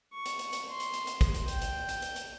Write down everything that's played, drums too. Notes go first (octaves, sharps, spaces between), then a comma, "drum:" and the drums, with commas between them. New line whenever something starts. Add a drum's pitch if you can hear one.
C#6
drum: hi-hat
drum: hi-hat
drum: hi-hat
C6
drum: hi-hat
drum: hi-hat
drum: hi-hat
drum: kick, hi-hat
drum: hi-hat
G5, drum: hi-hat
drum: hi-hat
drum: hi-hat
drum: hi-hat
drum: hi-hat